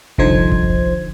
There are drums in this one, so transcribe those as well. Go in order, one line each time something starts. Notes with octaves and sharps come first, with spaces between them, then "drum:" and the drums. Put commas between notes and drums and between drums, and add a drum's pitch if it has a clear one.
C2 D3 F3 D#4 C5 G#6, drum: kick F#1
drum: kick F#1